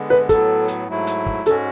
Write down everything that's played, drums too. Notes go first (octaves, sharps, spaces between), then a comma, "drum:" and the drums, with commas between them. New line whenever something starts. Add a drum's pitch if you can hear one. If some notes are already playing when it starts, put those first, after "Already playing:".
Already playing: D3 G#3 B3
B4
A2 F#3 B3 A4, drum: kick, hi-hat
drum: hi-hat
G#2 F#3 A3 E4
drum: hi-hat
drum: kick
G#2 G#3 C#4 F#4 A4, drum: hi-hat